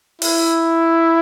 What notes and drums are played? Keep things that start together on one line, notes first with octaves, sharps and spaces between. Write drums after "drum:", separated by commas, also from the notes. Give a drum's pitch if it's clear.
E4, drum: open hi-hat